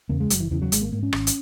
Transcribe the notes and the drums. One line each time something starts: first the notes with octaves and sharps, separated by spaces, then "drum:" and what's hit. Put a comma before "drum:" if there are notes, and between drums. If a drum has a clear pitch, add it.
E2 C#3 A#3
G#3
F#1 F#3, drum: hi-hat
E3
E2 C#3 E3
F#3
G#1 G#3, drum: hi-hat
A#3
G#2 A#3
C#4
G#1, drum: rim click
drum: hi-hat